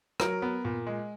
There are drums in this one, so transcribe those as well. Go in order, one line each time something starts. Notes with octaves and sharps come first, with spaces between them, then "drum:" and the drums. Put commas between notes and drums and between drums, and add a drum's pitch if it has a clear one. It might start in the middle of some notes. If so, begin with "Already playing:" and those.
F#3 A#4, drum: rim click
B3
A#2
G#3